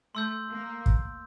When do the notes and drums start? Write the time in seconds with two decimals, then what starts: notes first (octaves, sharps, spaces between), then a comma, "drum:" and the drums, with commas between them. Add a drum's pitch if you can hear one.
0.15 A3 C6 E6 G6
0.50 A#3
0.86 drum: kick